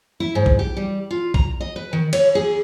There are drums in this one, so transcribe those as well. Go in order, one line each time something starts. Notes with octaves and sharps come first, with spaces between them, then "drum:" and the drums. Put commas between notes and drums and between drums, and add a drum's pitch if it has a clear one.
E4
G#2
drum: kick
G4
G3
F4
A#5, drum: kick
D#5
B4
D#3
C#5, drum: cymbal
G#4